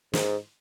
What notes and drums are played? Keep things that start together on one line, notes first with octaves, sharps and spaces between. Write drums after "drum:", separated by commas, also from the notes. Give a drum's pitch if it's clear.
G#2, drum: snare